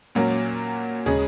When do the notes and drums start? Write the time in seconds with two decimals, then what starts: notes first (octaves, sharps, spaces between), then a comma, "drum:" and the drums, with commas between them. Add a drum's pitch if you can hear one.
0.15 A#2 F#3 A#3 C#4
1.06 C#3 G#3 C#4 G#4, drum: tom